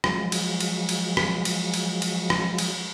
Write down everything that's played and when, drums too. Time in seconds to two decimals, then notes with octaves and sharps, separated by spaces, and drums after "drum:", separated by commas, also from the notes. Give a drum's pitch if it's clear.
0.04 F3 F#3 G#3, drum: rim click
0.32 drum: cymbal
0.60 drum: cymbal
0.89 drum: cymbal
1.17 drum: rim click
1.45 drum: cymbal
1.74 drum: cymbal
2.02 drum: cymbal
2.30 drum: rim click
2.58 drum: cymbal